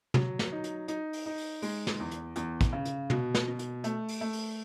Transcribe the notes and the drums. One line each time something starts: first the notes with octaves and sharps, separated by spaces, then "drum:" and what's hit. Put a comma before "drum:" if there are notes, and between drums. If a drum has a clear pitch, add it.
F#3, drum: tom
drum: snare
D#4
drum: hi-hat
D#4, drum: hi-hat
drum: open hi-hat
D#4
drum: open hi-hat
G#3, drum: open hi-hat
drum: snare
E2
drum: hi-hat
E2, drum: hi-hat
drum: kick, hi-hat
C#3
drum: hi-hat
B2, drum: tom
drum: snare
B2
drum: hi-hat
A3, drum: hi-hat
drum: open hi-hat
A3
drum: open hi-hat